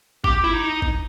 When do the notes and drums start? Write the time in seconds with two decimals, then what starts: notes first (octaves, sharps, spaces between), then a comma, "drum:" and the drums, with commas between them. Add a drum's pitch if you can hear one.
0.24 G4, drum: kick G1
0.44 E4
0.53 D#4
0.82 drum: kick G1